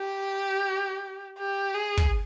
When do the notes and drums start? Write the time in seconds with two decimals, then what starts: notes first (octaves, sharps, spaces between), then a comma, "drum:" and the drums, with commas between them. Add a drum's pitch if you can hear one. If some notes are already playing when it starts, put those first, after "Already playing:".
Already playing: G4
1.39 G4
1.74 G#4
1.97 drum: kick